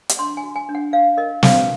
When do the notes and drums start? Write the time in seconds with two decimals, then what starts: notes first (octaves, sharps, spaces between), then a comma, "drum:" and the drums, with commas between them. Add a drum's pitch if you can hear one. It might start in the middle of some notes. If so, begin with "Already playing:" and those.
0.09 drum: hi-hat
0.19 D4 C6
0.37 G#5
0.43 F#4
0.56 G#5
0.69 D4
0.75 F#5
0.93 D4 F5
1.17 A#4 D#5
1.43 D4 F5, drum: snare